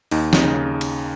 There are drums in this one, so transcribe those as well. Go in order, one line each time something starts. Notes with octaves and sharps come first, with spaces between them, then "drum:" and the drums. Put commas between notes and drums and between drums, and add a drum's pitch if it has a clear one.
D#2 D#4, drum: open hi-hat
D#4, drum: snare
C#3
D#4
drum: cymbal